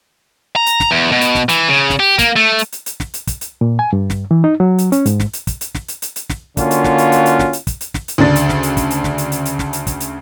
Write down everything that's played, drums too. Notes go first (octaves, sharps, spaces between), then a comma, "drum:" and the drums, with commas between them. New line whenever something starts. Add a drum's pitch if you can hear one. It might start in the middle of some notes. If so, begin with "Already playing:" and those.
A#5
drum: hi-hat
drum: snare
E2
B2
drum: hi-hat
drum: snare
E3, drum: hi-hat
C#3
drum: snare
G4
A#3, drum: kick, hi-hat
A3
drum: hi-hat
drum: hi-hat
drum: hi-hat
drum: snare
drum: hi-hat
drum: kick, hi-hat
drum: hi-hat
A#2
G#5
G2
drum: snare
E3
D#4
F#3
drum: hi-hat
C#4, drum: hi-hat
G#2, drum: hi-hat
drum: snare
drum: hi-hat
drum: kick, hi-hat
drum: hi-hat
drum: snare
drum: hi-hat
drum: hi-hat
drum: hi-hat
drum: snare
D3 A#3 C#4 F4 F#4, drum: kick, hi-hat
drum: hi-hat
drum: snare
drum: hi-hat
drum: hi-hat
drum: hi-hat
drum: snare
drum: hi-hat
drum: kick, hi-hat
drum: hi-hat
drum: snare
drum: hi-hat
D2 C#3 D4 A6
drum: hi-hat
drum: snare
drum: hi-hat
drum: kick, hi-hat
drum: hi-hat
drum: snare
drum: hi-hat
drum: hi-hat
drum: hi-hat
drum: snare
drum: hi-hat
drum: kick, hi-hat
drum: hi-hat